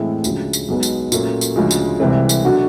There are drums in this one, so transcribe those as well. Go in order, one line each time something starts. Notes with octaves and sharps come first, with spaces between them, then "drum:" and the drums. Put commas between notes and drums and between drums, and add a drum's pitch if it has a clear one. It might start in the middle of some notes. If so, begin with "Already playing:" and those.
Already playing: A2 E3 G#3 C4 E4
D2 C#3 F3 G#3, drum: tambourine
drum: tambourine
B1 B2 G#3 B3
drum: tambourine
A#2 F#3 A3 C#4, drum: tambourine
drum: tambourine
D2 C#3 F3 G#3
drum: tambourine
C2 C3 E3 G#3 C4
drum: tambourine
B2 F#3 A3 D4 F#4